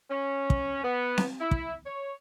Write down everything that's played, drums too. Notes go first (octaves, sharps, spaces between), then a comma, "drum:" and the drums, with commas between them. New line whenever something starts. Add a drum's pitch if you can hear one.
C#4
drum: kick
B3
drum: snare C4
E4
drum: kick
C#5